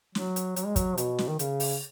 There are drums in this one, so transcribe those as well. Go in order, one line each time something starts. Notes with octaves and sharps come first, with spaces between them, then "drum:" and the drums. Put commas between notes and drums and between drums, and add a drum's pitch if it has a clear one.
F#3, drum: snare
drum: hi-hat
F#3, drum: hi-hat
G#3
F#3, drum: kick, hi-hat
B2, drum: hi-hat
drum: snare
D#3
C#3, drum: hi-hat
drum: open hi-hat